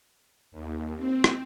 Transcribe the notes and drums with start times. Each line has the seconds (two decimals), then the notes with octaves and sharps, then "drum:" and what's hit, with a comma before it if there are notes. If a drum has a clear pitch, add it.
0.52 D#2
0.97 C4
1.24 drum: rim click